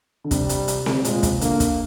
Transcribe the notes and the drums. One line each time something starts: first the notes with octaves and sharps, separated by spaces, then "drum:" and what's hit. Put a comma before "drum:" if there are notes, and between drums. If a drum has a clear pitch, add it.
D3
C3 G3, drum: kick, hi-hat
drum: hi-hat
drum: hi-hat
drum: snare C4
A#2 G#3, drum: hi-hat
C3, drum: kick, hi-hat
D3 A#3, drum: hi-hat
drum: kick, hi-hat